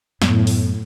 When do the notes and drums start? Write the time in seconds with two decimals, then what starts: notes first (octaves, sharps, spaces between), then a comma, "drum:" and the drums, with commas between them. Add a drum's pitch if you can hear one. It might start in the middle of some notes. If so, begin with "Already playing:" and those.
0.22 F#2 A2 F#3 B3, drum: snare
0.47 drum: open hi-hat